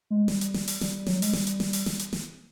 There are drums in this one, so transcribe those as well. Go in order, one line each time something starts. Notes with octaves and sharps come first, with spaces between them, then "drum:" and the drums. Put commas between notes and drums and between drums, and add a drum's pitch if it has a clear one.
G#3
G3, drum: snare
drum: hi-hat
drum: snare
drum: open hi-hat
G3, drum: snare
F#3, drum: snare
G#3, drum: open hi-hat
G3, drum: snare
drum: hi-hat
drum: snare
drum: open hi-hat
drum: snare
drum: hi-hat
drum: snare